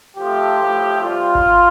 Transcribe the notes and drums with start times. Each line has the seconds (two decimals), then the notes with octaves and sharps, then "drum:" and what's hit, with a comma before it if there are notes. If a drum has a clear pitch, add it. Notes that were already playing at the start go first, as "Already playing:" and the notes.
0.17 C3 F3 A3 G4
0.59 A2 F3 A3
1.01 C3 G3 F4
1.35 drum: kick G#1